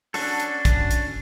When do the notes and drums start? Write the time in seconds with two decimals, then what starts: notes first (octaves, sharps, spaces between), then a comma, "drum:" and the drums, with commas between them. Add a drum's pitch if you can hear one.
0.14 C#4 D4 F#4 A4, drum: open hi-hat
0.40 drum: hi-hat
0.65 drum: kick, hi-hat
0.91 drum: hi-hat